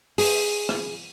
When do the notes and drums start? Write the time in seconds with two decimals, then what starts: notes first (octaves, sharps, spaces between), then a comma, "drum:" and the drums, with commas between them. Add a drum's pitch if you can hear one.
0.18 G#4, drum: open hi-hat
0.69 drum: rim click